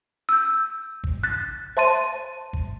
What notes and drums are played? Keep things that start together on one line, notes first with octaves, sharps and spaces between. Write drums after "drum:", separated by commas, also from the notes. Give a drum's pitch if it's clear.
E6 G6
drum: kick G#1
F#6 A6
C5 E5 A5 C6 A6 D#7
drum: kick G#1